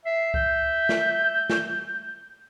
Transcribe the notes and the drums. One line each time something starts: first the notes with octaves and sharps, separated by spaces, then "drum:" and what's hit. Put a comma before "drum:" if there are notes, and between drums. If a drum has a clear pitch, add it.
E5 C7
G6, drum: kick C2
drum: snare
drum: snare